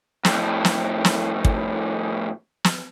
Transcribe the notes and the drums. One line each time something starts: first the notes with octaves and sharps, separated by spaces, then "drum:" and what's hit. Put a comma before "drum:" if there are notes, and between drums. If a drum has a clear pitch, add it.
F2 A2, drum: snare
drum: snare
drum: snare
drum: kick
drum: snare